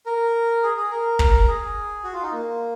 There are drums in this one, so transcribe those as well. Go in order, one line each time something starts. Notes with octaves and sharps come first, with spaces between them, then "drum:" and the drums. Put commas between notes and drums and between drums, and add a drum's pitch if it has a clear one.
A#4
G#4
G#4
A#4
drum: kick
G#4
F#4
F4
D#4
A#3